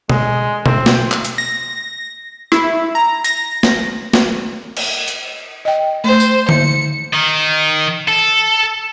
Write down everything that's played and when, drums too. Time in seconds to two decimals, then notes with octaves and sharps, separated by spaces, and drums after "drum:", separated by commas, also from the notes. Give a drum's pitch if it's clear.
0.10 G#3, drum: tom B2
0.66 C4, drum: tom B2
0.86 drum: snare
1.11 drum: clap
1.25 drum: hi-hat
1.38 A#6
2.52 E4, drum: rim click
2.95 A#5
3.24 A#6, drum: hi-hat
3.63 drum: snare
4.13 drum: snare
4.77 drum: cymbal
5.08 drum: hi-hat
5.65 D#5 G5
6.04 A3 C5
6.20 drum: tambourine
6.49 C#7, drum: tom D3
7.13 D#3
8.08 A4